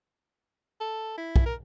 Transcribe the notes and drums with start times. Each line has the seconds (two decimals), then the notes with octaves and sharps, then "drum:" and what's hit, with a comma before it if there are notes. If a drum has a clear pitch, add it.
0.80 A4
1.17 E4
1.36 drum: kick
1.46 A#4